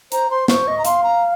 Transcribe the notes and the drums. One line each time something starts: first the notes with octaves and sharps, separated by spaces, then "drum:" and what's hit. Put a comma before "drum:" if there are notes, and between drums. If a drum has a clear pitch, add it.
C5 A#5, drum: hi-hat
C5 C6
C5 C#6, drum: snare
D#5
A#5
F5 C6, drum: hi-hat
A#5